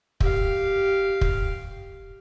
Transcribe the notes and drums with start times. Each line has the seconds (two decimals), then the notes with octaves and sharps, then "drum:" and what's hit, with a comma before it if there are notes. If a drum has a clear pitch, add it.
0.20 G4 F5, drum: kick
1.21 drum: kick